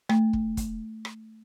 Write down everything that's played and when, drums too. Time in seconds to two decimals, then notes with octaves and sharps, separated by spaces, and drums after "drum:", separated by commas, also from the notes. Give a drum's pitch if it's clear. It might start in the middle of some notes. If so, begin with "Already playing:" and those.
0.09 A3, drum: rim click
0.33 drum: kick
0.57 drum: kick, hi-hat
1.05 drum: rim click